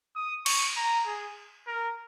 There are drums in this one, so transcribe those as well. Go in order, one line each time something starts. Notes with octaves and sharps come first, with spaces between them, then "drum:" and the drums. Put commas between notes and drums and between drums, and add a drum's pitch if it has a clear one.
D#6
C#6, drum: cymbal
A#5
G#4
A#4